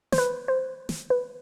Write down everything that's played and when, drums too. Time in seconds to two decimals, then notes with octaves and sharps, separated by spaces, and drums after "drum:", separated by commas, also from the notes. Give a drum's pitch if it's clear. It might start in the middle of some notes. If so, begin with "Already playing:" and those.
0.12 C5, drum: snare
0.18 B4
0.48 C5
0.89 drum: snare
1.10 B4